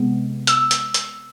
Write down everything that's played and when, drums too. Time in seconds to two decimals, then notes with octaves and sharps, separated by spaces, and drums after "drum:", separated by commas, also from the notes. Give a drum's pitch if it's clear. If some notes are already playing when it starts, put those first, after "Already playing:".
Already playing: C3 G#3 B3
0.47 E6, drum: hi-hat
0.71 drum: hi-hat
0.94 drum: hi-hat